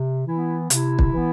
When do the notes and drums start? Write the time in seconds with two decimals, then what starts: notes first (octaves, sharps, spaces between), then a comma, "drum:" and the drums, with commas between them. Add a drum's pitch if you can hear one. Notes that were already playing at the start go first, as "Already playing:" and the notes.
Already playing: C3
0.27 E3 B3 E4
0.70 C3 E4, drum: hi-hat
0.99 drum: kick
1.12 E3 B3